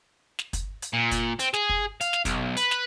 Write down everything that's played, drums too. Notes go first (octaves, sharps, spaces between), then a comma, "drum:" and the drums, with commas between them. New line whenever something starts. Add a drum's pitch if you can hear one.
drum: snare
drum: kick, hi-hat
drum: hi-hat
A#2
drum: kick, hi-hat
C4, drum: hi-hat
G#4, drum: snare
drum: kick
F5, drum: hi-hat
drum: snare
B1, drum: kick, hi-hat
B4, drum: hi-hat
drum: snare